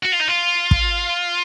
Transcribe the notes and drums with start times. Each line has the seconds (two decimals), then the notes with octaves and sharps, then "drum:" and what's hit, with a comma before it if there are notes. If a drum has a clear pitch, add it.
0.03 F#4
0.12 F4
0.20 D#4
0.28 F4
0.71 drum: kick